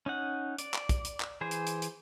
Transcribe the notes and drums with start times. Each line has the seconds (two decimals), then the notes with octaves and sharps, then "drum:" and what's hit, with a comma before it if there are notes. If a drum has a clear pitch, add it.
0.06 C#4 D#4 F#5
0.58 D5, drum: hi-hat
0.74 drum: clap
0.89 drum: kick A#1, hi-hat
1.05 drum: hi-hat
1.20 drum: clap
1.41 E3 G#4 C5
1.51 drum: hi-hat
1.67 drum: hi-hat
1.82 drum: hi-hat